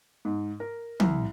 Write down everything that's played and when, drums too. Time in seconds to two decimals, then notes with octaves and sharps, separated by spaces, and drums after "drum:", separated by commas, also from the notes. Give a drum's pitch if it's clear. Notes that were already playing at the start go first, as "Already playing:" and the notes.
0.25 G#2
0.60 A#4
1.00 C2, drum: tom